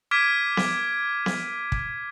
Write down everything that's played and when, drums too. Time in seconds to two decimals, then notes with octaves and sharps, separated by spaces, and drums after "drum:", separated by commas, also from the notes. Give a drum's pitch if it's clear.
0.11 D6 F6 G#6 B6 D7 D#7
0.57 drum: snare B3
1.26 drum: snare B3
1.72 drum: kick